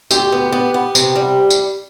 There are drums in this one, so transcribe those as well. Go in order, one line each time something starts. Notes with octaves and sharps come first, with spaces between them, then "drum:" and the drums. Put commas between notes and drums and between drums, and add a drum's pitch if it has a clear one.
D2 G4, drum: tambourine
B3
B3
B3
C3, drum: tambourine
G3
drum: tambourine